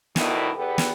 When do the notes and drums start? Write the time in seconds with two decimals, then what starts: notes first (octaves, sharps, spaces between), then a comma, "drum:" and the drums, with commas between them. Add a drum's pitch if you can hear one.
0.16 D2 G2 B2 D#3 E4, drum: snare
0.57 E2 B3 G4 A4 B4
0.78 drum: snare